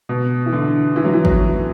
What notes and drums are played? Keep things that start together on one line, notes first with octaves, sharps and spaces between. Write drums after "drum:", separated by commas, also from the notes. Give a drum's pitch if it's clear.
B2
E3
D3
E3
F#3
E3
F#3, drum: kick